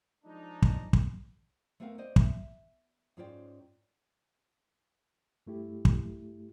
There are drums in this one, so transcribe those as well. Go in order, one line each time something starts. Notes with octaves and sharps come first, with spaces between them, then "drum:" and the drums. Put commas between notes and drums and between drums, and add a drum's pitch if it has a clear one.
F3 G#3 D4 D#4
drum: kick
drum: kick
A3 B3 C4 A#4 F5
C5 D5 D#5
E5, drum: kick
G#2 C#4 F4 C5 D5 G5
G2 A3 E4 G4
drum: kick